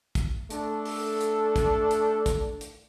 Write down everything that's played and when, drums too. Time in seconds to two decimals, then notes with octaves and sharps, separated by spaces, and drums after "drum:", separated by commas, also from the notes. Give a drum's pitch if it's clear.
0.15 drum: kick, hi-hat
0.50 A3 D4 A4, drum: hi-hat
0.85 drum: open hi-hat
1.21 drum: hi-hat
1.56 drum: kick, hi-hat
1.91 drum: hi-hat
2.26 drum: kick, hi-hat
2.61 drum: hi-hat